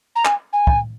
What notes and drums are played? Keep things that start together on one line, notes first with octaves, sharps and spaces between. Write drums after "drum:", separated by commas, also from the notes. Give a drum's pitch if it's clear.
A#5
G#5, drum: clap
G#5
drum: kick